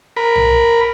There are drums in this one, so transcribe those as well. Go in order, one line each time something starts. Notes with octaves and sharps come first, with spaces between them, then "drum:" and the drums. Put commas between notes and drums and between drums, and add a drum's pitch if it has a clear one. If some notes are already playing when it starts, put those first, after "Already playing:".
A#4 B5
drum: tom